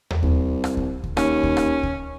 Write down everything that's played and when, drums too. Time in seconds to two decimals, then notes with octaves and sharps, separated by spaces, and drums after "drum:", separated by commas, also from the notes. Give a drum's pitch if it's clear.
0.11 drum: tom D#2
0.23 C2, drum: kick D2
0.64 drum: rim click
0.77 drum: kick D2
1.04 drum: kick D2
1.17 D#2 C#4, drum: rim click
1.43 drum: kick D2
1.57 drum: rim click
1.83 drum: kick D2